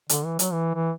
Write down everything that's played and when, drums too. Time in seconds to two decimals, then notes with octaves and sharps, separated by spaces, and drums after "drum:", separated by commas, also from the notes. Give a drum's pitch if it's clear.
0.09 D3, drum: hi-hat
0.25 E3
0.39 F#3, drum: hi-hat
0.53 E3
0.74 E3